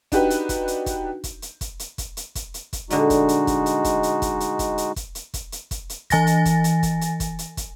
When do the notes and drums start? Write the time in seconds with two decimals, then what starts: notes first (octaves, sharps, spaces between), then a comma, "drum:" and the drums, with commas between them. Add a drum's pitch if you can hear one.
0.12 D4 D#4 F#4 G4 B4, drum: kick, hi-hat
0.30 drum: hi-hat
0.49 drum: kick, hi-hat
0.68 drum: hi-hat
0.86 drum: kick, hi-hat
1.24 drum: kick, hi-hat
1.42 drum: hi-hat
1.61 drum: kick, hi-hat
1.79 drum: hi-hat
1.98 drum: kick, hi-hat
2.17 drum: hi-hat
2.35 drum: kick, hi-hat
2.54 drum: hi-hat
2.73 drum: kick, hi-hat
2.90 A#2 D3 G3 G#3 D#4 F#4, drum: hi-hat
3.10 drum: kick, hi-hat
3.29 drum: hi-hat
3.47 drum: kick, hi-hat
3.66 drum: hi-hat
3.84 drum: kick, hi-hat
4.03 drum: hi-hat
4.22 drum: kick, hi-hat
4.40 drum: hi-hat
4.59 drum: kick, hi-hat
4.78 drum: hi-hat
4.96 drum: kick, hi-hat
5.15 drum: hi-hat
5.34 drum: kick, hi-hat
5.52 drum: hi-hat
5.71 drum: kick, hi-hat
5.89 drum: hi-hat
6.10 E3 G#5 A6 A#6, drum: kick, hi-hat
6.27 drum: hi-hat
6.45 drum: kick, hi-hat
6.64 drum: hi-hat
6.83 drum: kick, hi-hat
7.01 drum: hi-hat
7.20 drum: kick, hi-hat
7.39 drum: hi-hat
7.57 drum: kick, hi-hat